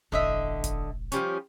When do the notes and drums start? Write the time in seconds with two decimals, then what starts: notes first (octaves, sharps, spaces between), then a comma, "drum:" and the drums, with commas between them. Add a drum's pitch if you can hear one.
0.12 E1 A1 D3 D#5 E5
0.64 drum: kick F1, hi-hat
1.12 F3 G3 C#4, drum: hi-hat